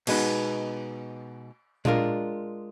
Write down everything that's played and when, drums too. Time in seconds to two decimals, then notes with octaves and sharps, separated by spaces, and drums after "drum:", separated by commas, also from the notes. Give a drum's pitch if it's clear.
0.07 B2 G#3 B3 D#4, drum: cymbal
1.85 G#3 D4 F4 A#4, drum: tom A#2